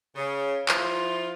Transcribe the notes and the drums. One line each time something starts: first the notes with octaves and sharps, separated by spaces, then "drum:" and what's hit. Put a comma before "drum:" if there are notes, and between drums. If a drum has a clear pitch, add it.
C#3
F3 E4 F4, drum: clap